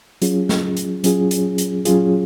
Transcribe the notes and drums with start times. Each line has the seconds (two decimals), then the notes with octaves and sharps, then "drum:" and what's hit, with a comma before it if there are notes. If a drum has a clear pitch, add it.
0.22 F#3 C#4 F4 G#4, drum: hi-hat
0.49 drum: snare
0.77 drum: hi-hat
1.04 F#3 C#4 F4 G#4, drum: hi-hat
1.31 drum: hi-hat
1.58 drum: hi-hat
1.85 F#3 C#4 F4 G#4, drum: hi-hat